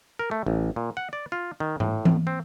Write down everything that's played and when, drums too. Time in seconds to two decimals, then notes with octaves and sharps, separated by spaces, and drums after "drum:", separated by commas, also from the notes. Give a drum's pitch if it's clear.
0.19 A#4
0.31 A3
0.46 A1
0.76 A#2
0.97 F#5
1.13 D5
1.32 F4
1.60 D#3
1.80 A2, drum: tom G#2
2.05 drum: tom E3
2.27 C4